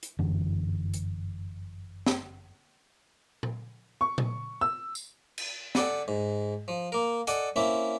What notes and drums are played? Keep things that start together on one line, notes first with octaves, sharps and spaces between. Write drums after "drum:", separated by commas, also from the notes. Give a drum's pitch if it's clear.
drum: hi-hat
G1 F#2 D3 E3
drum: hi-hat
drum: snare
drum: tom A#2
C#6
drum: tom A#2
E6
drum: tambourine
drum: cymbal
A4 D5 F#5 G#5, drum: snare
G#2
F3
A#3 A#4
A4 D5 D#5 F#5 G#5, drum: hi-hat
A#3 C4 C#4 E4 E5